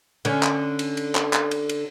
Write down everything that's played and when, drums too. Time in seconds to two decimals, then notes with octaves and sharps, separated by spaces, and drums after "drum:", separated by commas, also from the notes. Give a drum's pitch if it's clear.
0.25 D3 C#4, drum: cymbal
0.43 drum: clap
0.79 drum: cymbal
0.97 drum: cymbal
1.15 drum: clap
1.33 drum: clap
1.51 drum: cymbal
1.69 drum: cymbal